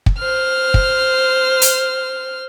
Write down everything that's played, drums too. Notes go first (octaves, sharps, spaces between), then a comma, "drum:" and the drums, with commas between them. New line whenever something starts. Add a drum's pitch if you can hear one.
drum: kick
C5 F6
drum: kick
drum: hi-hat